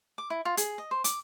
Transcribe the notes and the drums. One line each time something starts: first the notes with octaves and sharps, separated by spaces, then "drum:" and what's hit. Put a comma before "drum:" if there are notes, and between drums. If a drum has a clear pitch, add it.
D6
E4
F4
G#4, drum: hi-hat
D#5
C5
D6, drum: hi-hat